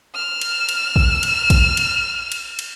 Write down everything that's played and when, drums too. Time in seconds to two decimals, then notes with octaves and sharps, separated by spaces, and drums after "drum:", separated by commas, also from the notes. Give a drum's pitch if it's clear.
0.14 F6 E7
0.41 drum: cymbal
0.69 drum: cymbal
0.96 drum: kick
1.23 drum: cymbal
1.50 drum: kick, cymbal
1.77 drum: cymbal
2.32 drum: cymbal
2.59 drum: cymbal